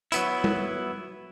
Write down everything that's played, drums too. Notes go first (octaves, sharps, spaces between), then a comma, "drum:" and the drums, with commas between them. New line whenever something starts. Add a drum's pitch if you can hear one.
F#3 B3 E4, drum: hi-hat
drum: tom G3